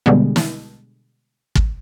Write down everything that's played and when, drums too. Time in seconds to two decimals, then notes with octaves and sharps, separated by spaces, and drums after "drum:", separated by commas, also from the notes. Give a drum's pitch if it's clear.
0.06 B2 D3 G3 G#3 B3
0.36 drum: snare
1.55 drum: kick